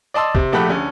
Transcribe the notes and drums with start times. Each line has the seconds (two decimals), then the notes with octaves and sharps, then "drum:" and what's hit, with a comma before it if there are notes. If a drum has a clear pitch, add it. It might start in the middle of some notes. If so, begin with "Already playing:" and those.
0.14 D5 D#5 A5 C6 E6
0.35 C3, drum: kick F#1
0.52 A#1 A3 G4 F#5 B5
0.69 D2 C#4